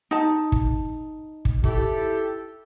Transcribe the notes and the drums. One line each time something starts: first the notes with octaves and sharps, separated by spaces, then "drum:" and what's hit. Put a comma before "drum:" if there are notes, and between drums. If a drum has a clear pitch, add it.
D#4 A5
drum: kick
drum: kick
E4 G4 A4, drum: kick